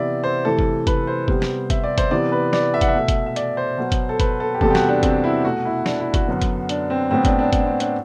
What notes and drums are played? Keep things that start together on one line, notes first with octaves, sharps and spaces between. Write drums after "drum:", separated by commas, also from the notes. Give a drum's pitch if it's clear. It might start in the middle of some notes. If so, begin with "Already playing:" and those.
Already playing: C3 E3 B3 D5 E5
C5
C3 E3 A3 A4
drum: kick F#1
B4, drum: kick F#1, hi-hat
C5
C3 G3 B3, drum: kick F#1
drum: snare
E5, drum: kick F#1, hi-hat
D5
C5, drum: kick F#1, hi-hat
C3 E3 B3 D5
B4
D5, drum: snare
E5
F#5, drum: kick F#1, hi-hat
E5
B2 A3
drum: kick F#1, hi-hat
E5
D5, drum: hi-hat
C5
B2 F#3 B3
drum: kick F#1, hi-hat
A4
B4, drum: kick F#1, hi-hat
A4
G4
E2 C3 G3 B3 A4, drum: kick F#1
G4
F#4, drum: snare
D4
C4, drum: kick F#1, hi-hat
E4
B2 A3 F#4
E4
D4, drum: snare
E4
F#4, drum: kick F#1, hi-hat
F#2 D3 F#3 B3
drum: kick F#1, hi-hat
D4, drum: hi-hat
C4
A2 F#3 B3 C4
D4, drum: kick F#1, hi-hat
D4
drum: kick F#1, hi-hat
C4
D4, drum: hi-hat